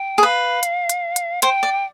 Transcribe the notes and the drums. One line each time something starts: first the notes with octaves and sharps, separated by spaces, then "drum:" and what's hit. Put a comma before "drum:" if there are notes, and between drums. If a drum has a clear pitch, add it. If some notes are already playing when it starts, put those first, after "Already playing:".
Already playing: G5
G#4
B4 F5
drum: hi-hat
drum: hi-hat
drum: hi-hat
C5 G5, drum: hi-hat
D5